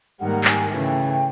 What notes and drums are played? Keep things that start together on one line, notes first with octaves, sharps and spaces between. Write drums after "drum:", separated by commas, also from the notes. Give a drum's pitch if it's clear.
G#2 D#3 G3 A#3 F#5
G#5, drum: clap
C#3 E3 A3 G5